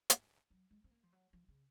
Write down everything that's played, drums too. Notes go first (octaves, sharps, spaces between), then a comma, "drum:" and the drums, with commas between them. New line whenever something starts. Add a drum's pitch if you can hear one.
G#2, drum: hi-hat
F#3
G#3
C4
A#3
F3
F#3
F3
C#3